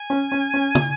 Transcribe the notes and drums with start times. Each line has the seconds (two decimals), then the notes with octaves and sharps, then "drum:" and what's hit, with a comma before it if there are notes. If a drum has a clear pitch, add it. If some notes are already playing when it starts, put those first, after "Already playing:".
Already playing: G#5
0.10 C#4
0.32 C#4
0.54 C#4
0.75 drum: tom